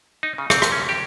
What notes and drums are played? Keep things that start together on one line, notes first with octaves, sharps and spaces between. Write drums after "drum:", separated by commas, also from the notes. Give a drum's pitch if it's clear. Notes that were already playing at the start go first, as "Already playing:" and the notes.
D#4
C#3
C4, drum: rim click
drum: rim click
C#4
G4